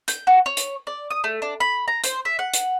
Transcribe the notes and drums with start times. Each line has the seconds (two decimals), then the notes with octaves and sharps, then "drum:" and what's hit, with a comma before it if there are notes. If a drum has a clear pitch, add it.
0.08 G6, drum: hi-hat
0.27 F#4
0.46 C#5
0.57 drum: hi-hat
0.87 D5
1.11 D#6
1.24 A3
1.42 D4
1.60 B5
1.88 A#5
2.04 C5, drum: hi-hat
2.25 E5
2.39 F#5
2.53 drum: hi-hat